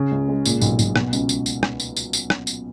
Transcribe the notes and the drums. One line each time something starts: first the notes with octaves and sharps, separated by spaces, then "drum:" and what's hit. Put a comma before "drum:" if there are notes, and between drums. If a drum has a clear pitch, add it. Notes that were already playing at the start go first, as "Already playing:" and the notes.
Already playing: C#3
C#2
G#3
A#2, drum: tambourine
B1, drum: tambourine
B1, drum: tambourine
B2, drum: rim click
C#2, drum: tambourine
drum: tambourine
drum: tambourine
drum: rim click
drum: tambourine
drum: tambourine
drum: tambourine
drum: rim click
drum: tambourine